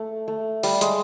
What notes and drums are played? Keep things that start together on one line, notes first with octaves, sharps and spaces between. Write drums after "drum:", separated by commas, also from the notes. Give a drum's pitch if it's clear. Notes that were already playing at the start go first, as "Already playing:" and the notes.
Already playing: A3
A3
G3, drum: open hi-hat
G#3, drum: hi-hat